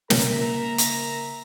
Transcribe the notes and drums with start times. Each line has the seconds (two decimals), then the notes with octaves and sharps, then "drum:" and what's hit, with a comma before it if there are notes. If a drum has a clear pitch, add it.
0.10 C#3 A#3 A#4 E5 A#5, drum: snare
0.78 drum: hi-hat